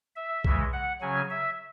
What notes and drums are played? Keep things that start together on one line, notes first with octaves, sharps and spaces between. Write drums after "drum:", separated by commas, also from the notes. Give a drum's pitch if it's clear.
E5
C#3 E3 G#3, drum: kick B1
F#5
C#3 F#3 C#4 G#5
E5